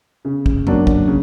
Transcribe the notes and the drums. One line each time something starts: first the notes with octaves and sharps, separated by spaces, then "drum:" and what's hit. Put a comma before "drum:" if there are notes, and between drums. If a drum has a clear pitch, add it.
C#3
drum: kick
F#3 A#3 D4, drum: tom F#2
drum: kick
C#3